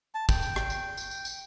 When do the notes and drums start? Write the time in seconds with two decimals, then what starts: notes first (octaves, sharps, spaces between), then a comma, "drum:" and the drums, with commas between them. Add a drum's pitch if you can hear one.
0.15 A5
0.29 G5, drum: kick, tambourine
0.42 drum: tambourine
0.56 drum: rim click
0.70 drum: tambourine
0.97 drum: tambourine
1.11 drum: tambourine
1.25 drum: tambourine